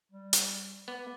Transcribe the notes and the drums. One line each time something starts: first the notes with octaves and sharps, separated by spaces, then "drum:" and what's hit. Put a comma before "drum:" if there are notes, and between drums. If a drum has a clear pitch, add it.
G3
drum: hi-hat
B3 D6